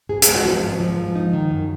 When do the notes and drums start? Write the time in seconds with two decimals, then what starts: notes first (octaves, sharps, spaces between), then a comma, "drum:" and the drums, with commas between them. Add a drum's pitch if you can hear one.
0.09 G#2 G#4
0.22 G#4, drum: hi-hat
0.27 G#3
0.36 F#4
0.45 F3 F4
0.62 G#2
0.80 F3
0.98 G#2
1.15 D#4
1.33 D#3
1.51 F#2